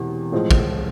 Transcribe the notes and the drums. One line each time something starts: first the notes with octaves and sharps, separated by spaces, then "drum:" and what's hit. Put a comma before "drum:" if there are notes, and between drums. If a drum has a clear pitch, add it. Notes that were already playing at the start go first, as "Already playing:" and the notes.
Already playing: E1 E2 C3
A2 F3 G#3 C4
drum: kick